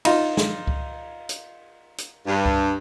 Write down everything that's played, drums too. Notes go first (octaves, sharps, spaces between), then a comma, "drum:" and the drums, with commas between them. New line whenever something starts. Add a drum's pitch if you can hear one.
D#4 F4, drum: cymbal
drum: snare
drum: kick C#2
drum: hi-hat
drum: hi-hat
G2
drum: kick C#2